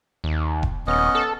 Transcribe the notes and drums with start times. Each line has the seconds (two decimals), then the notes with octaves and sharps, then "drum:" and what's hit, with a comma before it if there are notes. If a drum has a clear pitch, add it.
0.24 D#2
0.63 drum: kick E1
0.87 D#1 B3 C#4 D#5
1.15 A4